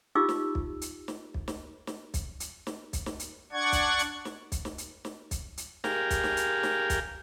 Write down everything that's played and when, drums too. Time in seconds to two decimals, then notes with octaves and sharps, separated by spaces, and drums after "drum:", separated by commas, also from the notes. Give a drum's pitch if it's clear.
0.15 D#4 F4 G4 D6 E6
0.29 drum: snare
0.55 drum: kick
0.81 drum: hi-hat
1.08 drum: snare
1.34 drum: kick
1.48 drum: snare
1.87 drum: snare
2.14 drum: kick, hi-hat
2.40 drum: hi-hat
2.67 drum: snare
2.93 drum: kick, hi-hat
3.06 drum: snare
3.19 drum: hi-hat
3.52 D4 D5 F#5 C#6 G#6
3.72 drum: kick, hi-hat
3.99 drum: hi-hat
4.25 drum: snare
4.52 drum: kick, hi-hat
4.65 drum: snare
4.78 drum: hi-hat
5.05 drum: snare
5.31 drum: kick, hi-hat
5.57 drum: hi-hat
5.84 G4 G#4 A#4 F5, drum: snare
6.10 drum: kick, hi-hat
6.24 drum: snare
6.37 drum: hi-hat
6.63 drum: snare
6.90 drum: kick, hi-hat